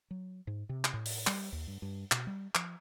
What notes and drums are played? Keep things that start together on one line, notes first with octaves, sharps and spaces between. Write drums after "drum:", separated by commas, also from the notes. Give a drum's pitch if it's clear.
F#3
G#2
C3
drum: clap
A2
drum: open hi-hat
G3, drum: clap
D#2
G2
G2
B2, drum: clap
G3
F3, drum: clap